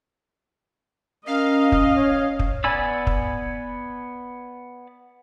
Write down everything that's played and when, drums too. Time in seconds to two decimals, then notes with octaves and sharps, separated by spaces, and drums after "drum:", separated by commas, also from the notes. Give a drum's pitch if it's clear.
1.27 C#4 A#4 D#5 F5
1.72 drum: kick
1.96 C#5
2.39 drum: kick
2.64 B3 D5 G#5 B5 E6
3.07 drum: kick